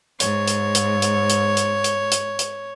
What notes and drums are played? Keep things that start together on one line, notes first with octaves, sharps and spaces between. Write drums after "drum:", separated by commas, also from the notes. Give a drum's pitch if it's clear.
G#2 C#5, drum: hi-hat
drum: hi-hat
drum: hi-hat
drum: hi-hat
drum: hi-hat
drum: hi-hat
drum: hi-hat
drum: hi-hat
drum: hi-hat